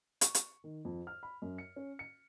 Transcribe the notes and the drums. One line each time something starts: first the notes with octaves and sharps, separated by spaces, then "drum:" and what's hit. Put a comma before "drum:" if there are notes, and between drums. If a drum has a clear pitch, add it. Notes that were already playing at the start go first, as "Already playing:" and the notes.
C#6, drum: hi-hat
drum: hi-hat
D#3
F2
F6
B5
F#2
C#7
C#4
C#7